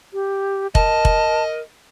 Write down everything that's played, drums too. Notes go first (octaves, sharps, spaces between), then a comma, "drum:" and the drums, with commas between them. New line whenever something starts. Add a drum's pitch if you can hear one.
G4
A#4 D#5 A5, drum: kick F1
drum: kick F1